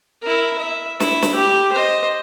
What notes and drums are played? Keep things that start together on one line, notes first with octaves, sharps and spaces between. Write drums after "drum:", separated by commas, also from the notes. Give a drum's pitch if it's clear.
E4 A#4
E5
E4, drum: snare
drum: snare
G4
C5 D#5